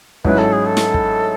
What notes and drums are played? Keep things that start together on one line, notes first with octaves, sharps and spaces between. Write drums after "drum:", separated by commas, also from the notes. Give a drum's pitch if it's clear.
G#2 F#3 C#4 E4 B4, drum: kick
A4
G#4
A4
drum: snare
drum: kick